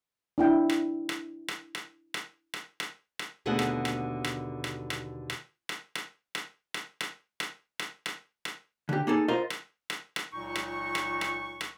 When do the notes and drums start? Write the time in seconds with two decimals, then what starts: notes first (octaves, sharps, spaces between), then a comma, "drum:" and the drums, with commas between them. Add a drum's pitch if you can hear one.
0.38 D4 E4 G5
0.70 drum: rim click
1.09 drum: rim click
1.48 drum: rim click
1.75 drum: rim click
2.14 drum: rim click
2.54 drum: rim click
2.80 drum: rim click
3.19 drum: rim click
3.46 D#2 B2 D3 A3 G#4 F#5
3.59 drum: rim click
3.85 drum: rim click
4.24 drum: rim click
4.64 drum: rim click
4.90 drum: rim click
5.30 drum: rim click
5.69 drum: rim click
5.95 drum: rim click
6.35 drum: rim click
6.74 drum: rim click
7.01 drum: rim click
7.40 drum: rim click
7.79 drum: rim click
8.06 drum: rim click
8.45 drum: rim click
8.89 D3 G4
9.07 A#3 D#4 G#4 A4
9.28 F4 A#4 C5 D#5 F5
9.50 drum: rim click
9.90 drum: rim click
10.16 drum: rim click
10.33 C#2 A#2 F#3 D#4 C#6
10.56 drum: rim click
10.95 drum: rim click
11.21 drum: rim click
11.61 drum: rim click